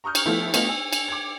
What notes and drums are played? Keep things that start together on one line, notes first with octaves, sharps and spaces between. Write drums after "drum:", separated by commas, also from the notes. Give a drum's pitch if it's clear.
A#5 C#6 D#6 F6 G6
drum: cymbal
F3 A3 B3 E4 A4
A3 B3 F4 D#5, drum: cymbal
G#5 E6
drum: cymbal
D6 G#6